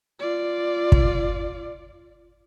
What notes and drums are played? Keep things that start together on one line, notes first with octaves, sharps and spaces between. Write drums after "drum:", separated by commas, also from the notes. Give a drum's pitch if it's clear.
F4 D5
drum: kick